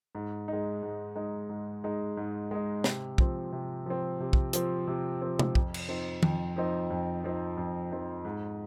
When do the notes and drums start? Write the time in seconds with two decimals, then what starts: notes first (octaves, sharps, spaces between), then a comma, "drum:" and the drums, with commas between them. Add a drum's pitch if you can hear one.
0.15 G#2
0.48 G#3 D#4
0.83 G#2
1.16 G#3 D#4
1.49 G#2
1.84 G#3 D#4
2.17 G#2
2.51 G#3 D#4
2.84 C3, drum: snare
3.18 F3 C4, drum: kick
3.52 C3
3.86 F3 C4
4.20 C3
4.33 drum: kick
4.53 F3 C4, drum: hi-hat
4.87 C3
5.22 F3 C4
5.39 drum: tom
5.55 F2, drum: kick
5.74 drum: cymbal
5.89 F3 C4 D#4
6.23 F2, drum: tom D#3
6.56 F3 C4 D#4
6.90 F2
7.24 F3 C4 D#4
7.58 F2
7.91 F3 C4 D#4
8.25 G#2